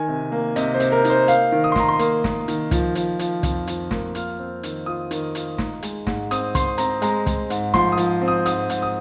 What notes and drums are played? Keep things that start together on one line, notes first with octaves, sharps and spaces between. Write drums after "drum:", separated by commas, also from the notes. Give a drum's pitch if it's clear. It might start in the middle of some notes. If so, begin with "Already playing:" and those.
Already playing: D#3 G#5
C3
A#3
C3 D#5, drum: hi-hat
C5
C3, drum: hi-hat
A#4
D#4, drum: hi-hat
C5
A#3 F5, drum: hi-hat
D#3
D#6
C6
D#3 A#5, drum: snare
C6
A#3, drum: hi-hat
A#3, drum: snare
D#3, drum: hi-hat
F3, drum: kick, hi-hat
F3, drum: hi-hat
F3, drum: hi-hat
F2, drum: kick, hi-hat
F3, drum: hi-hat
A#3, drum: snare
F4 F6, drum: hi-hat
C4
D#3, drum: hi-hat
F4 D#6
D#3, drum: hi-hat
F4, drum: hi-hat
D#4, drum: snare
G#3, drum: hi-hat
G#2, drum: snare
C4 D#6, drum: hi-hat
C4 C6, drum: kick, hi-hat
C4 A#5, drum: hi-hat
G#3 A#5, drum: hi-hat
G#3, drum: kick, hi-hat
G#2, drum: hi-hat
F3 C6, drum: snare
D#6
F3, drum: hi-hat
C4
D#6
G#2 D#6, drum: hi-hat
G#2, drum: hi-hat
D#6